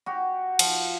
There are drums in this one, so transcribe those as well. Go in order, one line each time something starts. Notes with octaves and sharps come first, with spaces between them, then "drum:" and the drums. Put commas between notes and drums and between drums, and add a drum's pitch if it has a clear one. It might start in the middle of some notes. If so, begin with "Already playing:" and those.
F#4 G4
F3, drum: cymbal